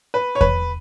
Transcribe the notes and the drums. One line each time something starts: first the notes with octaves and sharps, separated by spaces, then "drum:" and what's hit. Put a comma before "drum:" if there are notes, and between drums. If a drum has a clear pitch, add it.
B4
C#5
B4, drum: kick E2